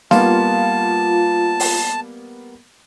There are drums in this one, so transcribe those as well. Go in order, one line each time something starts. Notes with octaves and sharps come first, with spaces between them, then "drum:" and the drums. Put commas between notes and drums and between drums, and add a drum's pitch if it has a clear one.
G3 A#3 B3 F4 A5, drum: snare D#4
drum: open hi-hat